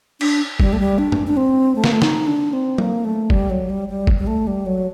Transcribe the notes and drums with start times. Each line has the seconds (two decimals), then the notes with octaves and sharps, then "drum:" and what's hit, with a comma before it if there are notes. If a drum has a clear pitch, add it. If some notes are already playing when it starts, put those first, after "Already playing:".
0.21 D4, drum: cymbal
0.60 G3, drum: kick
0.73 A3
0.80 G3
0.98 D4
1.12 drum: tom F#2
1.27 D4
1.37 C4
1.76 A3
1.84 A#3, drum: snare
1.92 A3
2.02 D#4, drum: snare
2.27 D4
2.53 C4
2.78 A#3, drum: tom F#3
3.05 A3
3.30 G3, drum: kick
3.50 F#3
3.70 G3
3.89 G3
4.07 drum: kick
4.18 G3
4.27 A3
4.47 G3
4.66 F#3